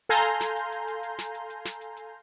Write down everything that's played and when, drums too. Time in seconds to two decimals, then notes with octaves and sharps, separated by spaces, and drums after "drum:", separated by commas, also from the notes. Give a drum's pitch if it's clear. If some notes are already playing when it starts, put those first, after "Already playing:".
0.09 A4 F5 G#5 A#5 C6 G6, drum: hi-hat
0.25 drum: hi-hat
0.41 drum: snare
0.56 drum: hi-hat
0.72 drum: hi-hat
0.87 drum: hi-hat
1.03 drum: hi-hat
1.19 drum: snare
1.34 drum: hi-hat
1.50 drum: hi-hat
1.65 drum: snare
1.81 drum: hi-hat
1.96 drum: hi-hat